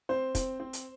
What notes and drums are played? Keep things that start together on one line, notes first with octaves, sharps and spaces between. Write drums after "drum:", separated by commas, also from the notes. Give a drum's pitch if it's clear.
C4 C5
C4, drum: kick, hi-hat
C4
drum: hi-hat